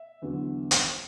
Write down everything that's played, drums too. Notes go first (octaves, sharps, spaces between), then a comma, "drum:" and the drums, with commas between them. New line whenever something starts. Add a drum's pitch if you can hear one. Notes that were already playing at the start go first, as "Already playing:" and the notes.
Already playing: E5
E2 D3 F#3
drum: hi-hat